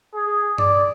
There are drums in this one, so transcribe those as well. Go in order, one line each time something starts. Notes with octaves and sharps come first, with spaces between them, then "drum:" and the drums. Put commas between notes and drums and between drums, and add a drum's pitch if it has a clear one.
G#4
D5, drum: tom G2